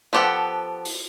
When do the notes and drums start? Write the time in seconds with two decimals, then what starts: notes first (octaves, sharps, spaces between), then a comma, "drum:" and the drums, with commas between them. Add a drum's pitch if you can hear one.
0.13 F3 B3 G4 A4 F#5
0.85 drum: open hi-hat